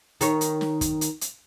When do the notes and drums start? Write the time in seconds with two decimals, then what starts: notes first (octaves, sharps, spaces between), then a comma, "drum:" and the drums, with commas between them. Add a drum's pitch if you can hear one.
0.21 D#3 C#5, drum: hi-hat
0.41 drum: hi-hat
0.61 drum: snare
0.81 drum: kick, hi-hat
1.01 drum: hi-hat
1.21 drum: hi-hat